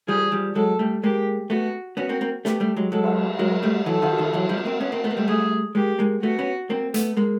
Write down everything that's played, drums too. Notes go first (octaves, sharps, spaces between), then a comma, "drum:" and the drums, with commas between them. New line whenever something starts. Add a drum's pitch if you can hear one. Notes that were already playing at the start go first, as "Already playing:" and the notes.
F3 G3 G#4
F3 G3
F#3 G#3 A4
G3 A3
G#3 A#3 G4
A3 B3 F#4
B3 C#4 F#4
A#3 C4
A#3 C4
A3 B3 G4, drum: snare
G3 A3
F#3 G#3
F#3 G#3 A4
drum: cymbal
F#3 G#3 A#4
G3 A3
E3 F#3 A4
D#3 F3, drum: cymbal
D#3 F3
E3 F#3
F3 G3
B3
A#3 C4
B3 C#4
A#3 C4
A3 B3
A#3
G3 A3
G3 A3 G#4
G#3 A#3 G4
G#3 A#3
A3 B3 F#4
B3 C#4
A#3 C4
A3 B3, drum: hi-hat
G#3 A#3